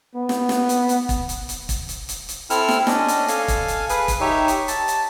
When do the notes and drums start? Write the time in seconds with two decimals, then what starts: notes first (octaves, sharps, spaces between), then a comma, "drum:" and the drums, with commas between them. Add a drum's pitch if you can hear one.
0.15 B3
0.29 drum: snare
0.49 drum: snare
0.69 drum: hi-hat
0.89 drum: hi-hat
1.09 drum: kick, hi-hat
1.29 drum: hi-hat
1.49 drum: hi-hat
1.69 drum: kick, hi-hat
1.89 drum: hi-hat
2.09 drum: hi-hat
2.29 drum: hi-hat
2.50 C4 E4 A4 E6 F6, drum: hi-hat
2.69 drum: snare
2.87 C#4 D4 D#5, drum: snare
3.08 drum: hi-hat
3.28 A4 F5 G#5, drum: hi-hat
3.48 drum: kick, hi-hat
3.68 drum: hi-hat
3.89 G#4 B4, drum: hi-hat
4.08 drum: kick, hi-hat
4.20 D#4 G4 C#5 E5
4.48 drum: hi-hat
4.68 A5, drum: hi-hat
4.88 drum: hi-hat